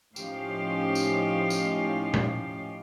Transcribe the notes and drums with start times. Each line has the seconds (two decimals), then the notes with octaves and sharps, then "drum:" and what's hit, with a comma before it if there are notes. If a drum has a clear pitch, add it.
0.16 A2 F3 C#4 D#4 G4 F5, drum: tambourine
0.95 drum: tambourine
1.50 drum: tambourine
2.14 drum: tom A#2